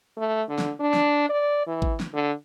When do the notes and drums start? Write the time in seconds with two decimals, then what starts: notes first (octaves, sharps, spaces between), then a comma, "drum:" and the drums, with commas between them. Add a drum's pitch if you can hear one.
0.17 A3
0.49 D3
0.58 drum: snare
0.80 D4
0.94 drum: snare
1.29 D5
1.67 E3
1.82 drum: kick G#1
2.00 drum: snare
2.14 D3